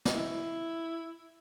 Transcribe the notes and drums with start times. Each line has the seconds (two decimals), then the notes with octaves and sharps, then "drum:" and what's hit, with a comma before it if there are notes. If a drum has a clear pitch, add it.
0.05 drum: snare
0.15 E4